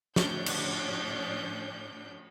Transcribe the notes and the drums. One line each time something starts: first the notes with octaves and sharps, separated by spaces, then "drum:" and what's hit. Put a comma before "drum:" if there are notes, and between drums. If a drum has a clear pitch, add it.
A2 F3 C#4 D4 C#5 G6, drum: snare
drum: cymbal